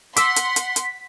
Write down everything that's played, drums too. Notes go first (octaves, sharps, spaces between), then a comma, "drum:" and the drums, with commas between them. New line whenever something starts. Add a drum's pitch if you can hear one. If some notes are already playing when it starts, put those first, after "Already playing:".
F#5 C6 D6 E6 B6, drum: hi-hat
drum: hi-hat
drum: hi-hat
drum: hi-hat